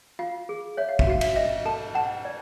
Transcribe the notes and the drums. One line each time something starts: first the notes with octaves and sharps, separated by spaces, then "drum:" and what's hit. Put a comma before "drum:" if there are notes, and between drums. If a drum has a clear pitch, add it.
F4 F5
G#4
C#5 E5
F5
E5, drum: kick
F#4 F5
E5, drum: cymbal
D#5 E5
A4 A5
F#5 A5
D5